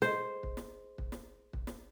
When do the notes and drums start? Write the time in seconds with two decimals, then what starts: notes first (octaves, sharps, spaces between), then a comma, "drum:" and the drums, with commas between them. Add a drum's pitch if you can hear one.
0.02 G#4 C5 D#5, drum: snare
0.43 drum: kick
0.57 drum: snare
0.98 drum: kick
1.12 drum: snare
1.53 drum: kick
1.67 drum: snare